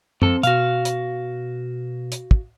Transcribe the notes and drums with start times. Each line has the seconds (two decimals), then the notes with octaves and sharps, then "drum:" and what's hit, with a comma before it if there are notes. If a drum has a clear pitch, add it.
0.22 F2 C4 A4, drum: tom
0.43 B2 F#4 F5, drum: hi-hat
0.85 drum: hi-hat
2.12 drum: hi-hat
2.31 drum: kick